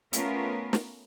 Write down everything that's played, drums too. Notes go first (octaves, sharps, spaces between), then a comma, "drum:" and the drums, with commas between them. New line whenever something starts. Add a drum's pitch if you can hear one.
A3 B3 C#4 F4 A#4, drum: hi-hat
drum: snare